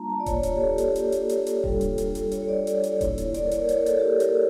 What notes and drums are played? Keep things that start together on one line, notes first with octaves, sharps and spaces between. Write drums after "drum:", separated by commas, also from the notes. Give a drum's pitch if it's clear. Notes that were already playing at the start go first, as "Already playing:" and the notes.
Already playing: G3 A#3 D4 F4 A5 A#5
A5
D5
A#3 D4 F4 C#5, drum: kick D#1, hi-hat
C#5, drum: hi-hat
G4
A4
G4, drum: hi-hat
G4, drum: hi-hat
drum: hi-hat
drum: hi-hat
drum: hi-hat
G3 D4 F4 A4, drum: kick D#1
drum: hi-hat
drum: hi-hat
drum: hi-hat
C#5, drum: hi-hat
C#5
D5
C#5, drum: hi-hat
drum: hi-hat
A#3 E4, drum: kick D#1, hi-hat
drum: hi-hat
D5, drum: hi-hat
A#4
C#5, drum: hi-hat
C#5, drum: hi-hat
A#4
A4, drum: hi-hat
G4
A4
A#4, drum: hi-hat